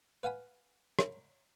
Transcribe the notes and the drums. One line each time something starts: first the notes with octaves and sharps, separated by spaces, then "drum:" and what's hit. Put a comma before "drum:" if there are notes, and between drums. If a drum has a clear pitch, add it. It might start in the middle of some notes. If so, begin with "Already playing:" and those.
B4 F5 F#5 G#5 B5
drum: rim click